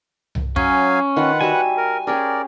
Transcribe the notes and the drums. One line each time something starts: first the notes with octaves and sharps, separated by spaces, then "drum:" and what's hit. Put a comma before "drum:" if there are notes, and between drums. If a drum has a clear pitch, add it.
drum: tom C2
F#3 C#4 F5 G#5, drum: kick
D#3 F4 B4 F#5
G3 F#4 E5 G#5
A#4
C#4 G4 G#4 A#4 D5